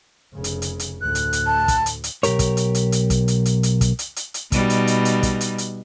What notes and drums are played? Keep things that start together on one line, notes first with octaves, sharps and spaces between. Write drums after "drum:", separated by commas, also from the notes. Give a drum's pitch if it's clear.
F1 C#3
drum: hi-hat
drum: hi-hat
drum: hi-hat
D2 A2 F#6
drum: hi-hat
drum: hi-hat
A5
drum: kick, hi-hat
drum: hi-hat
drum: hi-hat
B1 C3 G4 A#4 C#5, drum: hi-hat
drum: kick, hi-hat
drum: hi-hat
drum: hi-hat
drum: hi-hat
drum: kick, hi-hat
drum: hi-hat
drum: hi-hat
drum: hi-hat
drum: kick, hi-hat
drum: hi-hat
drum: hi-hat
drum: hi-hat
B2 G3 D#4, drum: kick, hi-hat
drum: hi-hat
drum: hi-hat
drum: hi-hat
drum: kick, hi-hat
drum: hi-hat
drum: hi-hat